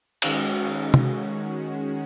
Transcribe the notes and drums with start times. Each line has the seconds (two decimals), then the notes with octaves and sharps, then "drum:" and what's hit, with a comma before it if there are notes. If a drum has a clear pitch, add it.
0.22 D#3 G#3 C#4 F#4, drum: cymbal
0.94 drum: tom